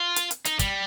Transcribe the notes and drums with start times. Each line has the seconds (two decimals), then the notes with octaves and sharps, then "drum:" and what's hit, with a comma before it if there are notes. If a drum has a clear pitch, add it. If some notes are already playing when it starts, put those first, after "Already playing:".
Already playing: F4
0.16 drum: hi-hat
0.31 drum: hi-hat
0.45 D#4, drum: hi-hat
0.59 G3, drum: kick, hi-hat